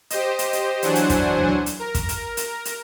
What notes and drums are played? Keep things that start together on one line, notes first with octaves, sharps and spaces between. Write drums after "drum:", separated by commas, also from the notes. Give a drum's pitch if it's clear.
G4 C5 D#5, drum: hi-hat
drum: hi-hat
drum: hi-hat
E3 F#3 D4 C5 F#5 G#5, drum: hi-hat
drum: hi-hat
drum: kick, hi-hat
drum: tom D2
drum: hi-hat
A#4
drum: kick, hi-hat
drum: hi-hat
drum: hi-hat
drum: hi-hat